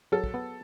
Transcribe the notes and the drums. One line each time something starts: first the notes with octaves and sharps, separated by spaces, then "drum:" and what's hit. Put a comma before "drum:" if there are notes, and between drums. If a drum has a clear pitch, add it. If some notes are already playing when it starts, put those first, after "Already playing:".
F#3 A4
drum: kick
B3